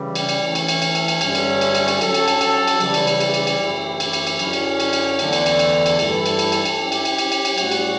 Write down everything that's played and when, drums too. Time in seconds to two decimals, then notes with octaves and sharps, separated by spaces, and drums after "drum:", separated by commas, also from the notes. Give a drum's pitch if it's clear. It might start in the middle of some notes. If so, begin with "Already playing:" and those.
Already playing: C#3 E3 G3
0.15 drum: cymbal
0.29 drum: cymbal
0.42 E3 A3 C#4
0.55 drum: cymbal
0.68 drum: cymbal
0.82 drum: cymbal
0.95 drum: cymbal
1.08 drum: cymbal
1.21 G2 D3 F#3 A3 C#4, drum: cymbal
1.35 drum: cymbal
1.61 drum: cymbal
1.75 drum: cymbal
1.88 drum: cymbal
2.01 F#3 C#4 F#4 A4, drum: cymbal
2.14 drum: cymbal
2.28 drum: cymbal
2.41 drum: cymbal
2.67 drum: cymbal
2.80 C#3 E3 G3, drum: cymbal
2.94 drum: cymbal
3.07 drum: cymbal
3.21 drum: cymbal
3.34 drum: cymbal
3.47 drum: cymbal
3.60 F#2 E3 A3 E4 G4
4.00 drum: cymbal
4.13 drum: cymbal
4.27 drum: cymbal
4.39 F#2 D3 F#3 C#4 E4, drum: cymbal
4.53 drum: cymbal
4.80 drum: cymbal
4.93 drum: cymbal
5.19 E2 D3 A3, drum: cymbal
5.33 drum: cymbal
5.46 drum: cymbal
5.59 drum: cymbal
5.86 drum: cymbal
5.99 G2 E3 A3 E4 A4, drum: cymbal
6.26 drum: cymbal
6.39 drum: cymbal
6.52 drum: cymbal
6.65 drum: cymbal
6.79 F#3 C#4 E4 G4
6.92 drum: cymbal
7.05 drum: cymbal
7.18 drum: cymbal
7.32 drum: cymbal
7.45 drum: cymbal
7.58 A2 G3 C#4 F#4, drum: cymbal
7.72 drum: cymbal